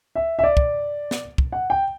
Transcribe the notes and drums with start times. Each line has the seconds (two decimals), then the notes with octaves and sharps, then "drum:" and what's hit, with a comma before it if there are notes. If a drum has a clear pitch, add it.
0.16 E5
0.39 E5
0.44 D5
0.57 drum: kick
1.11 drum: snare
1.38 drum: kick
1.52 F#5
1.70 G5